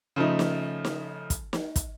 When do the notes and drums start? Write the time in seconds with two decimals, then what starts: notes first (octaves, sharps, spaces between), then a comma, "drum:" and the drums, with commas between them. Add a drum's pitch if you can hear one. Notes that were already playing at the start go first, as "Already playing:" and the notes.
0.16 C#3 F3 A3 D#4
0.39 drum: snare
0.85 drum: snare
1.30 drum: kick, hi-hat
1.53 drum: snare
1.76 drum: kick, hi-hat